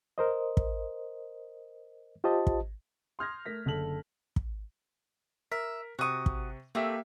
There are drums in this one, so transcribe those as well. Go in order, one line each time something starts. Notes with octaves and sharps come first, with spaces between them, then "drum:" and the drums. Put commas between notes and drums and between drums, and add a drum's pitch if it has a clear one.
A#4 C5 D#5
drum: kick
F4 G4 C5 D#5 A5
drum: kick
C6 D#6 F6 G6 G#6 A#6
A3 A#4 A#6 B6
F#1 D3 A4 F6 F#7
drum: kick
A#4 E5
C3 F#4 C#6 D#6
drum: kick
A3 A#3 C4 G4 E5